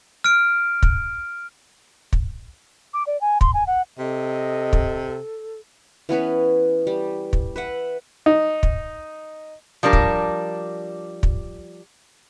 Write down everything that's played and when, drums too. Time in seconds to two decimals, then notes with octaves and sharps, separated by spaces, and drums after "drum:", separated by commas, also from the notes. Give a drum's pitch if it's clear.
0.24 F6 D7
0.83 drum: kick
2.13 drum: kick
2.94 D6
3.07 D5
3.21 G#5
3.41 C6, drum: kick
3.54 G#5
3.67 F#5
3.99 C3 A4 D#5
4.73 drum: kick
6.09 E3 B3 C#4 B4
6.87 G3
7.33 drum: kick
7.56 B4 E5 F#5
8.26 D#4
8.63 drum: kick
9.83 F3 G3 D4 A#4
9.93 drum: kick
11.23 drum: kick